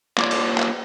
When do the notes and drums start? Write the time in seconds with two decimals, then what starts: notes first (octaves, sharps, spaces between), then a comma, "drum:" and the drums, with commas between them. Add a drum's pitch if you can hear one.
0.18 A#3 D4 F4 G4 C#5 D5, drum: clap
0.31 drum: cymbal
0.58 drum: clap